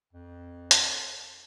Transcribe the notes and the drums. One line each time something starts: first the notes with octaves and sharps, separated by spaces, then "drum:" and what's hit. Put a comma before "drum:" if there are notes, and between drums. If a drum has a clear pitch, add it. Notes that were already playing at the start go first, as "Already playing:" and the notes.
F2
drum: hi-hat